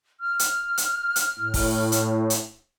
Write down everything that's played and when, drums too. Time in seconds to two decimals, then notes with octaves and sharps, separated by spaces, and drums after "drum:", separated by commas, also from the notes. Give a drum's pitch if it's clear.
0.20 F6
0.39 drum: hi-hat
0.78 drum: hi-hat
1.16 drum: hi-hat
1.39 A2
1.54 drum: kick, open hi-hat
1.92 drum: hi-hat
2.30 drum: hi-hat